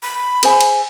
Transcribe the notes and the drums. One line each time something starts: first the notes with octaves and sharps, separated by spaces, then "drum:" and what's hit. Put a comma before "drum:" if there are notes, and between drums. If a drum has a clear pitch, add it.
B5
G#4 C5 G#5, drum: cymbal
drum: cymbal